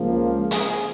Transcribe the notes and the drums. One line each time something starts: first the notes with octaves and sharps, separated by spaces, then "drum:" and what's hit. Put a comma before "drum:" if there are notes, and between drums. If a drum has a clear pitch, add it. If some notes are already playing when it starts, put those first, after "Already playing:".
Already playing: C#2 C#3 F3 A#3
G#4, drum: hi-hat